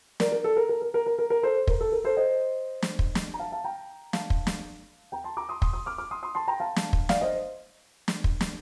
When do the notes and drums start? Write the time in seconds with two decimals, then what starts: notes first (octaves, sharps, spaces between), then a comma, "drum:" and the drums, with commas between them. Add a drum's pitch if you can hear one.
0.20 A#4 D5, drum: snare
0.32 A#4
0.44 A4
0.56 A#4
0.69 A#4
0.82 A#4
0.94 A#4
1.06 A#4
1.19 A#4
1.30 A#4
1.43 A4 C5
1.67 A#4, drum: kick
1.80 A4
1.92 A#4
2.04 A4 C5
2.17 C5 D#5
2.82 drum: snare
2.99 drum: kick
3.15 drum: snare
3.34 A#5
3.39 F5 A5
3.52 F5 A5
3.64 G5 A#5
4.13 F5 A5, drum: snare
4.30 drum: kick
4.47 drum: snare
5.12 G5 A#5
5.24 A5 C6
5.37 A#5 D6
5.49 C6 D#6
5.62 C6 D#6, drum: kick
5.73 C6 D#6
5.86 D6 F6
5.98 D6 F6
6.11 C6 D#6
6.23 C6 D#6
6.35 A5 C6
6.48 G5 A#5
6.60 F5 A5
6.76 drum: snare
6.93 drum: kick
7.09 D5 F5, drum: snare
7.21 C5 D#5
8.08 drum: snare
8.24 drum: kick
8.41 drum: snare